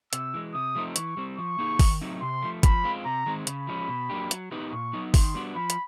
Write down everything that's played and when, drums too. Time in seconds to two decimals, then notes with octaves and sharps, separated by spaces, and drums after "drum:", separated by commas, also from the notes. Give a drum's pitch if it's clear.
0.13 C3 E6, drum: hi-hat
0.34 E3 G#3
0.54 C3 D#6
0.75 F3 A3 C4 D#4
0.96 E3 C#6, drum: hi-hat
1.17 G3 C4
1.38 F3 C#6
1.59 A#3 D#4 G#4
1.79 D#3, drum: kick, open hi-hat
2.01 F#3 A3 C4 D#4
2.22 C3 C6
2.42 F3 A3
2.63 F3 B5, drum: kick, hi-hat
2.84 G#3 C4 F4
3.05 C3 A#5
3.26 D#3 G#3 C4
3.47 C#3 B5, drum: hi-hat
3.67 F3 G#3 C#4
3.88 B2
4.10 F#3 A#3 D4 G4
4.31 F#3, drum: hi-hat
4.51 B3 D#4 G4 B4
4.72 A#2 C#6
4.93 F#3 B3 D#4
5.14 D#3 C6, drum: kick, open hi-hat
5.34 G3 B3 D4 F#4
5.56 F3 B5
5.70 drum: hi-hat